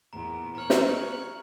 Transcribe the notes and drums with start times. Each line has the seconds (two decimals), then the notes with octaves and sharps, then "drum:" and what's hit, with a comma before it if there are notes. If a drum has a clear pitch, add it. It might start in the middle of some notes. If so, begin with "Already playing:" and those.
0.13 E2 A#2 A#5
0.55 C#5 A#5 C#6 F6 F#6
0.70 drum: snare